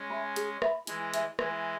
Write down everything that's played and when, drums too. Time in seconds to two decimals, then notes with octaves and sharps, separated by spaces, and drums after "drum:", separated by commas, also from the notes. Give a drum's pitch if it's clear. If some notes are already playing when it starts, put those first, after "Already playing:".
Already playing: G#3 C#4
0.10 E5 B5
0.36 G#4, drum: hi-hat
0.62 E5 B5, drum: rim click
0.87 E3 G#3 E4, drum: hi-hat
1.14 B4 E5, drum: hi-hat
1.39 E3 G#3 E4, drum: rim click